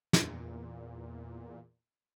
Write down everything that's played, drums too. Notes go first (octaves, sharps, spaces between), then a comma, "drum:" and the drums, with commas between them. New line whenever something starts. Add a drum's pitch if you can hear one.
E2 A#2, drum: snare